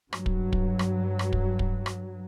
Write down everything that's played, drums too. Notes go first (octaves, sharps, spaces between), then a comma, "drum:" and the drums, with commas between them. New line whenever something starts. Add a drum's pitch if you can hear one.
G2 F#3, drum: rim click
drum: kick
drum: kick
drum: rim click
drum: rim click
drum: kick
drum: kick
drum: rim click